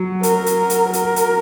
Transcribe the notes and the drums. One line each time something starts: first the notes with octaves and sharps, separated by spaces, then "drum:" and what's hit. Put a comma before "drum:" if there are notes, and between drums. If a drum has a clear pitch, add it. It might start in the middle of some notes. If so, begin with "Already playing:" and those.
Already playing: F#3
A#4, drum: hi-hat
drum: hi-hat
drum: hi-hat
A#4, drum: hi-hat
drum: hi-hat